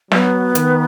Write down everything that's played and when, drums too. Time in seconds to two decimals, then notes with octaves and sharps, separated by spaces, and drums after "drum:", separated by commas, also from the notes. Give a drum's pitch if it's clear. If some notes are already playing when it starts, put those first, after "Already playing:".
0.12 F#3 B3, drum: snare
0.55 D#3, drum: hi-hat